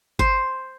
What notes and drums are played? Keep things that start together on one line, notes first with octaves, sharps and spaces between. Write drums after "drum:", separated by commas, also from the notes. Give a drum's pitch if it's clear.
C5, drum: kick G1